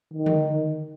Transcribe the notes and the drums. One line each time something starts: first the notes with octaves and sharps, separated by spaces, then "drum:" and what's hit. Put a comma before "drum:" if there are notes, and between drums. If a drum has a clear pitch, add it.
D#3
drum: tom D3